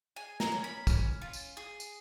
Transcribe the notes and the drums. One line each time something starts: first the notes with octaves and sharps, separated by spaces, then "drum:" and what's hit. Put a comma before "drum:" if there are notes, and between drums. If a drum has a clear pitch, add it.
G#4 G#5
A#5, drum: snare
C#4
B5
C#4, drum: kick, tambourine
F4
drum: tambourine
G#4
drum: tambourine